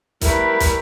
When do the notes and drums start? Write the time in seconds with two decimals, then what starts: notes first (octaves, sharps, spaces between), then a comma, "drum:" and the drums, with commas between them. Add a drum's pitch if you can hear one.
0.21 G3 A3 E4 A#4 B4, drum: kick, hi-hat
0.60 drum: kick, hi-hat